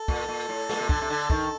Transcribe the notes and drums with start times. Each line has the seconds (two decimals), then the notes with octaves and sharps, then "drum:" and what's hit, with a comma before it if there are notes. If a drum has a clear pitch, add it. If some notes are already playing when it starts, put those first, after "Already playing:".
Already playing: A4
0.08 A#2, drum: kick
0.29 A#2
0.49 A2
0.69 A#2, drum: snare
0.79 C3
0.89 D3, drum: kick
1.01 C3
1.10 D3
1.30 D#3, drum: kick